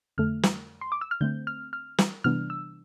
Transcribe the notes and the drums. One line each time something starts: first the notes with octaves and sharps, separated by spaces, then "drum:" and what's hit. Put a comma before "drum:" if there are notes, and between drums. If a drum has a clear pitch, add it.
F2 D3 A3 F6
drum: snare
C6
D6
E6
F6
D3 A3 C4 G6
F6
F6
drum: snare
C3 E3 G3 B3 D4 F6
E6